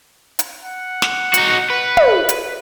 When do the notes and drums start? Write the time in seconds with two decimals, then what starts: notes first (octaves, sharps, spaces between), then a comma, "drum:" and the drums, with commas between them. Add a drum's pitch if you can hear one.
0.39 drum: hi-hat
0.62 F#5
1.02 drum: snare
1.34 D#4 F#4, drum: hi-hat
1.70 B4
1.97 drum: tom
2.29 drum: hi-hat